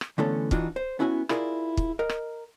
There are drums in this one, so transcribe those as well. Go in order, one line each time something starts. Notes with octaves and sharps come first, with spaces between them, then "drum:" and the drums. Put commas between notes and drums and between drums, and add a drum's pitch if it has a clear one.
drum: rim click
D3 E3 A3 B3 C#4 A4
E3 D4 D#4 F4 F#4, drum: kick
C5
B3 C#4 E4 F#4 G#5
E4 F4 G#4 A#4 D5, drum: rim click
drum: kick
A#4 D#5
drum: rim click